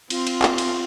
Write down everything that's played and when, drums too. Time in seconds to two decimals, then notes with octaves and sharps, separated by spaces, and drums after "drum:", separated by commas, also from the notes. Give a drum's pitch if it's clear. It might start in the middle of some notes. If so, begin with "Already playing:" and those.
0.10 C4 F4, drum: cymbal
0.27 drum: cymbal
0.42 drum: clap
0.58 drum: cymbal